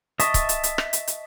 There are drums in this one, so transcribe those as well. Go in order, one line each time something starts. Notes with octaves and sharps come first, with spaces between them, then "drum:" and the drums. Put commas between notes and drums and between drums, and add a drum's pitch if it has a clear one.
D#5 E5 A5 C#6 D#6, drum: hi-hat
drum: kick C#1, hi-hat
drum: hi-hat
drum: hi-hat
drum: rim click
drum: hi-hat
drum: hi-hat